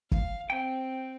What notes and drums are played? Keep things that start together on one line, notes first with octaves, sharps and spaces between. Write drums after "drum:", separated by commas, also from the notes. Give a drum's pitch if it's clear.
F5, drum: kick
C4 G5